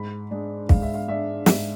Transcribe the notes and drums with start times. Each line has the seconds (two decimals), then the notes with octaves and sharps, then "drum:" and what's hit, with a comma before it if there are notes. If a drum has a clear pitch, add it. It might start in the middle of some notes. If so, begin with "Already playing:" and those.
Already playing: G#2 B5
0.31 G#3 D4
0.69 G#2 F5, drum: kick
0.82 E5
0.94 F5
1.08 G#3 D4 E5
1.46 G#2 E5, drum: snare